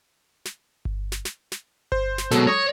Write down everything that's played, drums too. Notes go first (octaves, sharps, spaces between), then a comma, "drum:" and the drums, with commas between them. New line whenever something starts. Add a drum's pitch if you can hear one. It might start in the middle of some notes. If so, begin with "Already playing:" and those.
drum: snare
drum: kick G1
drum: snare
drum: snare
drum: snare
C5, drum: kick G1
drum: snare
B2 F#3 G#3 A4, drum: snare
C#5 D#6 A#6